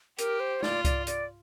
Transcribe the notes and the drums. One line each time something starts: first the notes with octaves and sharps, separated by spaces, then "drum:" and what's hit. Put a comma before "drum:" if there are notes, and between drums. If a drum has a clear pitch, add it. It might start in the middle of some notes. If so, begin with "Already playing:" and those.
G4 A#4, drum: hi-hat
C5
F4 D5, drum: snare
D5, drum: kick C2, hi-hat
D5, drum: hi-hat